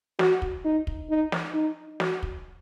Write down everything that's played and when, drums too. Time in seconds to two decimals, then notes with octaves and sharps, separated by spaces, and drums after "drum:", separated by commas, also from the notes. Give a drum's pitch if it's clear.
0.19 F#4, drum: snare
0.42 drum: kick
0.65 D#4
0.87 drum: kick
1.10 D#4
1.32 drum: snare
1.54 D#4
2.00 F#4, drum: snare
2.23 drum: kick